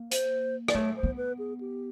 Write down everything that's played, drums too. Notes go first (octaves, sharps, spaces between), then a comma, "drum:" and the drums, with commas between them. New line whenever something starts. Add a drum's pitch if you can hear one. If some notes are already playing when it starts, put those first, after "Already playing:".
Already playing: A#3
C5, drum: hi-hat
D5, drum: rim click
A3 C#5
C5
B3
B4
G#4
G4